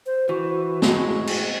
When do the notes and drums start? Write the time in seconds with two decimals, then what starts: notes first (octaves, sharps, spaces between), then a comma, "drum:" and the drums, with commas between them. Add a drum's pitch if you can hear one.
0.06 C5
0.29 E3 F#4
0.82 A2 G#3, drum: snare
1.27 drum: cymbal